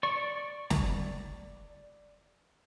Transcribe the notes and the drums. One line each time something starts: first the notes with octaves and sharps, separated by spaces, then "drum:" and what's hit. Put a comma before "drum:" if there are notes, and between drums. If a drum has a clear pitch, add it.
D5 C#6
drum: snare